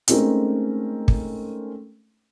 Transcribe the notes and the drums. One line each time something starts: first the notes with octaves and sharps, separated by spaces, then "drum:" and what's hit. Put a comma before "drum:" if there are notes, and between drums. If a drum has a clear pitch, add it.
G#3 A3 C4 C#4 D#4 A#4, drum: hi-hat
drum: kick